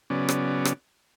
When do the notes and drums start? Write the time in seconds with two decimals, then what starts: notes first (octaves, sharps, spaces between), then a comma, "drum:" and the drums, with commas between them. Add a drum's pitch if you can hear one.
0.10 C#3 F#3 B3 C#4 D5
0.29 drum: rim click
0.65 drum: rim click